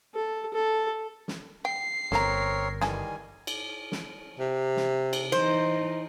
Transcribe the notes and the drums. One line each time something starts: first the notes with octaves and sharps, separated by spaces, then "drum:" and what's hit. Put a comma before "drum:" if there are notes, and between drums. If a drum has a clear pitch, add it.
A4
A4
drum: snare
G5 C7
G1 C4 A4 A#4 C#5 A#5, drum: snare
D#3 E3 G3 G#4 A4 G#5, drum: snare
drum: cymbal
drum: snare
C3
drum: snare
drum: cymbal
E3 D#4 C5